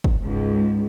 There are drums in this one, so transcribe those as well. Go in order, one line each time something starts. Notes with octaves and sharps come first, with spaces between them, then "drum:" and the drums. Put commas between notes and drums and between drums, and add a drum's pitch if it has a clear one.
drum: kick
C#2 G#2